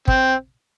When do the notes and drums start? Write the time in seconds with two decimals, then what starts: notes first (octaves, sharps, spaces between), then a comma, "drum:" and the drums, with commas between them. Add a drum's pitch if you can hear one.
0.08 C4, drum: kick